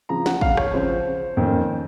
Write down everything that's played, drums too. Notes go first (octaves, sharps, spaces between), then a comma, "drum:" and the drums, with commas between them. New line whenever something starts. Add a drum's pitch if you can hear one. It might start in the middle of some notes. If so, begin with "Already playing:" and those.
C#3 F3 C4 A#5
F#5, drum: snare
F5, drum: kick
C#5, drum: rim click
C#3 F3 C4 C5
F2 D#3 A#3 C#4